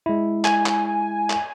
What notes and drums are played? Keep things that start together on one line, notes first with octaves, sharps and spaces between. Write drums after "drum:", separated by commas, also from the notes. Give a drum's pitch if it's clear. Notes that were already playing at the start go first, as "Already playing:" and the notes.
G#3 E4
G#5, drum: clap
drum: clap
drum: clap